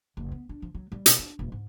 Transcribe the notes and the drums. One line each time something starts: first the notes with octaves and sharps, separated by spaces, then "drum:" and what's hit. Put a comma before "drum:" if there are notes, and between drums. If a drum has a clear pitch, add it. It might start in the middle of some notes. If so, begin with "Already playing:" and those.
F#1
B3
D4
F3
F#3
G3
B2, drum: hi-hat
D4
D#1
G#2